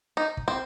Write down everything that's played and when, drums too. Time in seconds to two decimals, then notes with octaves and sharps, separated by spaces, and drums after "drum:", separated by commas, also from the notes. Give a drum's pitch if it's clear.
0.17 D#4
0.37 drum: kick
0.48 C4